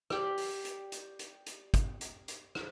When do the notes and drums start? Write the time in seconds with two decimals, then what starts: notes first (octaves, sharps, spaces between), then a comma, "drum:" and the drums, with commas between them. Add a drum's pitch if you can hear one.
0.10 G4 D5, drum: rim click
0.38 drum: open hi-hat
0.65 drum: hi-hat
0.92 drum: hi-hat
1.19 drum: hi-hat
1.46 drum: hi-hat
1.74 drum: kick, hi-hat
2.01 drum: hi-hat
2.28 drum: hi-hat
2.55 drum: rim click